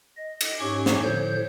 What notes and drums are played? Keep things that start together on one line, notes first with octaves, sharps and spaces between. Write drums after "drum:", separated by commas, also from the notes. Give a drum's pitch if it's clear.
D#5
drum: cymbal
G#2 C#4 G4 C#5 C#6
drum: snare
A2 D3 F3 C#5 G6